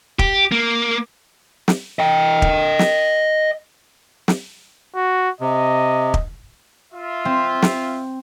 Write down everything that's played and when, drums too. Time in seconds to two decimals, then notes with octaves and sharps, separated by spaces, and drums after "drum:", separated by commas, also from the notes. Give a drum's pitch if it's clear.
0.19 G4, drum: kick
0.52 A#3
1.68 drum: snare
1.99 D#5 G5
2.42 drum: kick
2.79 drum: snare
4.28 drum: snare
4.95 F#4
5.41 C3 D#5
6.14 drum: kick
6.93 F4 E5
7.25 C4
7.62 drum: snare